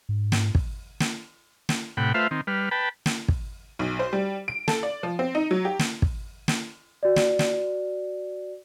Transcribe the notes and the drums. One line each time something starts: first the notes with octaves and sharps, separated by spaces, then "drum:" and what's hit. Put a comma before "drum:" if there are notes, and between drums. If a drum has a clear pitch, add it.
G#2
drum: snare
drum: kick
drum: snare
drum: snare
A2 C3 F#5 G5 B5
A3 F4 B4 C5 E5 F5
D#3 C4
G3 B4 F6
B4 G5 A5 B5
drum: snare
drum: kick
B1
C5
G3
D7
A4, drum: snare
D5
F3
C4
D#4
F#3
G4
drum: snare
drum: kick
drum: snare
F#4 D5
drum: snare
drum: snare